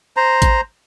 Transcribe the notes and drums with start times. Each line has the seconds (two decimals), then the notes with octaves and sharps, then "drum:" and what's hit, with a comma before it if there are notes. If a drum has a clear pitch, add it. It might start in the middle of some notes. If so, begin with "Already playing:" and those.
0.17 C5 A#5
0.42 drum: kick A1, hi-hat